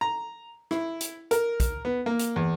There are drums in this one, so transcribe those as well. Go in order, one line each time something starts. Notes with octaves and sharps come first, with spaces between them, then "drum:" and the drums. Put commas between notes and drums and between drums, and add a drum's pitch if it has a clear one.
A#5
E4, drum: rim click
drum: hi-hat
A#4, drum: hi-hat
drum: kick, hi-hat
B3
A#3
drum: hi-hat
E2